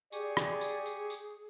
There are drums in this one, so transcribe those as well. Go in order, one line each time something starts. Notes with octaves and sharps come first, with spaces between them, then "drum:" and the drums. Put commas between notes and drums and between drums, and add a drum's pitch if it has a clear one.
G4 G#4 D5 G#5 C#6, drum: tambourine
drum: rim click
drum: tambourine
drum: tambourine
drum: tambourine